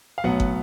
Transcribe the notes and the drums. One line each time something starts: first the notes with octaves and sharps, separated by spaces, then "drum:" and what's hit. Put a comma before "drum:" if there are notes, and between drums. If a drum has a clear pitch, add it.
F5
B1 A2 F#3 B3 F#5
drum: kick G1